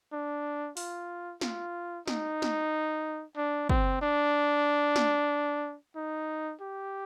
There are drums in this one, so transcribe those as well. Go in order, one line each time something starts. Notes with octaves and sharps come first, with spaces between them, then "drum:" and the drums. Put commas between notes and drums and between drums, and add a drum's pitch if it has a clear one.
D4
F4, drum: open hi-hat
F4, drum: snare
D#4, drum: snare
drum: snare
D4
C4, drum: kick
D4
drum: snare
D#4
G4